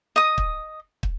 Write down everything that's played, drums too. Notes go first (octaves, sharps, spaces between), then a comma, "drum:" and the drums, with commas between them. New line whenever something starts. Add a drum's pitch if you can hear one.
D#5 D#6
drum: kick
drum: kick